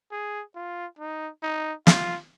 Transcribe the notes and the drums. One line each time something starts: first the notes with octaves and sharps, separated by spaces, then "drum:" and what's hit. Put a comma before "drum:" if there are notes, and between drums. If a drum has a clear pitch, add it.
G#4
F4
D#4
D#4
F4, drum: snare